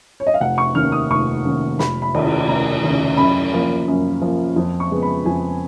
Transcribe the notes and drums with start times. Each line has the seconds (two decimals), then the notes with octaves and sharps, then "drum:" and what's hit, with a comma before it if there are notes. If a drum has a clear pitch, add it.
0.20 C#5
0.27 D#5
0.34 F5
0.41 F1 F#5
0.58 C#6
0.75 D#2 D#3 A#3 C#4 F6
0.92 D#6
1.09 F1 C#6
1.45 D#2 D#3 A#3 C#4
1.79 F1 B5, drum: snare
2.02 B5
2.15 D#2 C#3, drum: cymbal
2.48 F1 A#5
2.84 D#2 C#3
3.17 F#2 B5
3.53 F3 A#3
3.88 F#2
4.22 F3 A#3
4.56 F2
4.80 C#6
4.90 C#3 G#3 B3
5.03 B5
5.25 F2 G#5